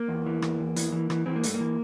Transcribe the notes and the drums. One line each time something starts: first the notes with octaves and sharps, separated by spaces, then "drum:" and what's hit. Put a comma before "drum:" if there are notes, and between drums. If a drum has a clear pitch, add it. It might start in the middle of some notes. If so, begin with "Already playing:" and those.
Already playing: A#3
E2
E3
E2, drum: rim click
E2
E3, drum: hi-hat
E3
E3, drum: rim click
E3 C4
A#3
G2 A3, drum: hi-hat
A#3
E3